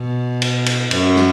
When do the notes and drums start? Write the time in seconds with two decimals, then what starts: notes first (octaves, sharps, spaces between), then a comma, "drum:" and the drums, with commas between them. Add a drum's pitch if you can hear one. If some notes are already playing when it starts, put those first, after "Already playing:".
Already playing: B2
0.42 drum: cymbal
0.66 drum: cymbal
0.91 F#2, drum: cymbal
1.16 drum: snare